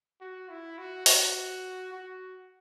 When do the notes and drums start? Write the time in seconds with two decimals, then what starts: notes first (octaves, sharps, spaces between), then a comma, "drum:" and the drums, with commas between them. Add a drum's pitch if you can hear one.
0.21 F#4
0.49 E4
0.78 F#4
1.06 F#4, drum: open hi-hat
1.92 F#4